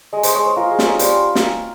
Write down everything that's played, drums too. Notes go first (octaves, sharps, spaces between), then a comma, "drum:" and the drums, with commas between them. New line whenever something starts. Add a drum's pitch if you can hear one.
G#3 D#5
C5, drum: hi-hat
G#3 C#5
C5
F4 A#4
G#4
C#4, drum: snare
A#4
G3 C5, drum: hi-hat
drum: snare